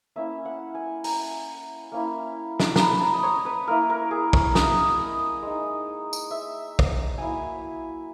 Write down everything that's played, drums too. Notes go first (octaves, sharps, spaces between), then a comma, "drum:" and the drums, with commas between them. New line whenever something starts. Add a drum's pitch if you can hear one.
A#3 C#4 E4 E5
F#5
G#5
A#5, drum: open hi-hat
A#3 C#4 E4
drum: snare
A#5 B5, drum: snare
A#5
D#5
C#5
B4
A#3 E4 A#4
A#4
G#4
C#5, drum: kick
D#5, drum: snare
G#3 D#4
drum: tambourine
E5
drum: kick
F#3 A#3 E4 G#5